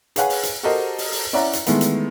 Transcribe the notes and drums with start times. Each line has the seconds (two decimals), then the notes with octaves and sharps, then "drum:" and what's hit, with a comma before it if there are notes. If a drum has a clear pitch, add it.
0.16 G#4 B4 C#5 F5 F#5 G#5, drum: hi-hat
0.30 drum: open hi-hat
0.43 drum: hi-hat
0.63 F#4 G4 A4 A#4 C5 D#5
0.98 drum: open hi-hat
1.12 drum: open hi-hat
1.33 C#4 E4 D5 E5 F#5 A#5
1.53 drum: hi-hat
1.66 D#3 E3 G#3 A3 B3, drum: hi-hat
1.81 drum: hi-hat